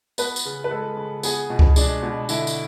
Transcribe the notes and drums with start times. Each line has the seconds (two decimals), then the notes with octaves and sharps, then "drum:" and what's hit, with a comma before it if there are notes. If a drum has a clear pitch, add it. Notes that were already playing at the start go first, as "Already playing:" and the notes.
0.18 B3 B4, drum: tambourine
0.36 drum: tambourine
0.45 C#3
0.64 B4
0.71 G#3 A4
0.97 C#3
1.23 B3 G#4, drum: tambourine
1.50 B2
1.59 drum: kick C#2
1.76 G#3 D4, drum: tambourine
2.02 B2
2.29 D3 E4, drum: tambourine
2.47 drum: tambourine